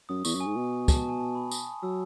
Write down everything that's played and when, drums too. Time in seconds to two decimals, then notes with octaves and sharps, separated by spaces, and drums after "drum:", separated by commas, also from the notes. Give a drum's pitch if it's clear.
0.09 F#2 D#6
0.25 E2 C#6, drum: tambourine
0.35 F#2
0.40 G#5
0.46 G#2
0.56 B2
0.88 A5, drum: kick, tambourine
1.09 G#5
1.20 A5
1.35 B5
1.51 D#6, drum: tambourine
1.83 F#3 E6